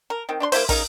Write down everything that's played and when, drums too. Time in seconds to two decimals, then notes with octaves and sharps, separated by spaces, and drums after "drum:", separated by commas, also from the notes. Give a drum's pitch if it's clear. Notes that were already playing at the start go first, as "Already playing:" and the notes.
0.10 A#4
0.29 D#3 C4
0.40 D4 C5 C6
0.52 A#3 D4 E4 C5, drum: open hi-hat
0.69 C#3 D#4 A#4, drum: kick, open hi-hat